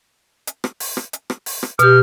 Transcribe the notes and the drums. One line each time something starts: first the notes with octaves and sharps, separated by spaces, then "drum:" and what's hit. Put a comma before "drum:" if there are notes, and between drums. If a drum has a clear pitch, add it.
drum: hi-hat
drum: rim click
drum: open hi-hat
drum: rim click
drum: hi-hat
drum: rim click
drum: open hi-hat
drum: rim click
B2 G4 F6, drum: hi-hat